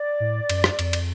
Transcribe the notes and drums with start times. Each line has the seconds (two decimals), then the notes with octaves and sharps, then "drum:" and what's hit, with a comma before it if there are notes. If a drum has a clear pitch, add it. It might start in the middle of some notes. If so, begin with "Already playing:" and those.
Already playing: D5
0.20 A2
0.49 F#2, drum: cymbal
0.64 drum: rim click
0.79 F2, drum: cymbal
0.93 drum: cymbal